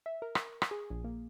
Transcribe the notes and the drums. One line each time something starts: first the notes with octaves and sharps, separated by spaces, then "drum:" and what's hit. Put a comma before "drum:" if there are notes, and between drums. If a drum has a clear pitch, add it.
E5
A#4
drum: rim click
drum: rim click
G#4
A#1
A#3